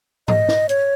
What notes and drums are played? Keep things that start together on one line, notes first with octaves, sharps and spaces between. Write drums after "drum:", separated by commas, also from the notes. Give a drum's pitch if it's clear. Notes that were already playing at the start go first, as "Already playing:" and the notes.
D#5, drum: tom G#2
drum: snare
C#5, drum: hi-hat